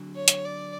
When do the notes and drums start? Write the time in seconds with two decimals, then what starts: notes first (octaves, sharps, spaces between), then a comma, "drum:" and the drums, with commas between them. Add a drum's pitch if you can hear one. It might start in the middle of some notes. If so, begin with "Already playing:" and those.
Already playing: D3 F#3
0.16 C#5
0.28 drum: hi-hat
0.45 D5